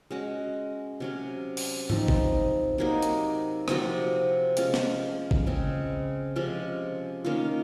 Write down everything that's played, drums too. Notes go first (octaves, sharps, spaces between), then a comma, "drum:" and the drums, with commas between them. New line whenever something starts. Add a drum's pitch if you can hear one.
G#3 C#4 F#4
C3 F#3 C#4
drum: open hi-hat
F3 C4 D#4, drum: tom G#2
drum: kick
C3 F#3 A#3 D#4
drum: hi-hat
C3 F3 C4 F#4, drum: rim click
G#3 C#4 F4, drum: hi-hat
drum: snare
drum: kick
C#3 G#3 C4
C3 F3 G#3 C#4
D#3 A#3 C#4 F4